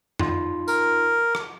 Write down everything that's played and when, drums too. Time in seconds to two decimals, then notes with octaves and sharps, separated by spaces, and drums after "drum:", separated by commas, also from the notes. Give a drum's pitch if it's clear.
0.19 D#4 F4 C6, drum: tom F2
0.68 A#4, drum: tambourine
1.35 drum: rim click